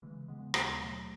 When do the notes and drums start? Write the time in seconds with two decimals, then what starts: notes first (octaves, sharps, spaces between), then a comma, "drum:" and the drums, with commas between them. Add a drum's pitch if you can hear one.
0.02 C#3 E3 G#3
0.28 C#3 G#3 B3
0.54 D#2 G#3 B3, drum: rim click
0.80 B2 F#3 A3